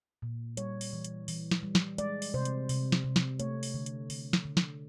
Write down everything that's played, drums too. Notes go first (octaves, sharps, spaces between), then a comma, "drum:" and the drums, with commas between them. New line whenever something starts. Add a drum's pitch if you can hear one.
A#2
G3 C#5, drum: hi-hat
drum: open hi-hat
E3
drum: hi-hat
E3, drum: open hi-hat
drum: snare
G3
drum: snare
G#3 D5, drum: hi-hat
drum: open hi-hat
C3 C5
drum: hi-hat
C3, drum: open hi-hat
drum: snare
C3
drum: snare
A3 C#5, drum: hi-hat
drum: open hi-hat
D3
drum: hi-hat
D3, drum: open hi-hat
drum: snare
D3
drum: snare